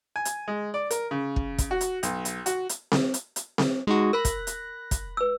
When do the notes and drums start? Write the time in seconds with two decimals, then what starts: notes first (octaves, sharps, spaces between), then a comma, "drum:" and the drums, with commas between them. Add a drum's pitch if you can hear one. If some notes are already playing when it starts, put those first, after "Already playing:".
0.16 G#5
0.25 drum: hi-hat
0.48 G#3
0.74 D5
0.91 A#4, drum: hi-hat
1.11 C#3
1.36 drum: kick
1.58 drum: kick, hi-hat
1.71 F#4
1.81 drum: hi-hat
2.03 B1, drum: hi-hat
2.25 drum: hi-hat
2.46 F#4, drum: hi-hat
2.69 drum: hi-hat
2.92 drum: snare C4
3.14 drum: hi-hat
3.36 drum: hi-hat
3.58 drum: snare C4
3.87 G#3 D#4 F#4
4.13 A#4 B5 F#6 A#6
4.25 drum: kick, hi-hat
4.47 drum: hi-hat
4.91 drum: kick, hi-hat
5.17 B4 E6